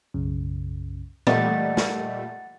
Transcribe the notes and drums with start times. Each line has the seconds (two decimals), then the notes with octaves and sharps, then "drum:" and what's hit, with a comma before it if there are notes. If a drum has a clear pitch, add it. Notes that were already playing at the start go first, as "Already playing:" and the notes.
0.14 B1 F#2 C#3
1.27 A#2 G3 A3 A#4 D5 D#5 F#5 A6, drum: tom
1.77 drum: snare